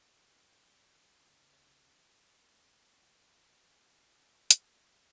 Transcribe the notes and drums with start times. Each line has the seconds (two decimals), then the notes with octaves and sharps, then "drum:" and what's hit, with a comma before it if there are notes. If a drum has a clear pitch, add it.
0.10 G5
1.15 C#3
2.82 F#5
2.95 A3 A4
3.48 B3 G#5
4.51 G4, drum: hi-hat